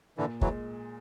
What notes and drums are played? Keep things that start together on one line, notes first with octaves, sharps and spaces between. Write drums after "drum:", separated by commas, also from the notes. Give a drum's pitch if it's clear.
A#2 D3 E3
E3 F#3 G#3, drum: kick